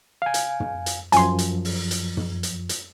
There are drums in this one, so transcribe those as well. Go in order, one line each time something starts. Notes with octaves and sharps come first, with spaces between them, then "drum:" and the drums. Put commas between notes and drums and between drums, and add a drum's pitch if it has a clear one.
F5 G#5
drum: hi-hat
drum: tom
drum: hi-hat
F#2 F3 G#5 C6, drum: hi-hat
drum: hi-hat
drum: open hi-hat
drum: hi-hat
drum: tom
drum: hi-hat
drum: hi-hat